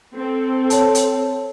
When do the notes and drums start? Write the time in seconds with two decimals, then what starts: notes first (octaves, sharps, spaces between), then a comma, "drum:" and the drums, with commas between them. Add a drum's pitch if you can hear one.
0.16 C4 A4
0.70 C#5 A5, drum: hi-hat
0.95 drum: hi-hat